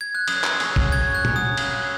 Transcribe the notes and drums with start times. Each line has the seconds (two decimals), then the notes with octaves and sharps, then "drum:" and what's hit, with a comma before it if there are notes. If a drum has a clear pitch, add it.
0.01 G#6
0.15 F#6
0.28 F#2 D#6, drum: cymbal
0.44 drum: clap
0.60 F#3 C#4 G#4, drum: cymbal
0.76 drum: kick
0.92 F#2 G#6
1.15 F#6
1.25 F#3 C#4 G#4, drum: tom A#2
1.36 D#6
1.57 C#3, drum: cymbal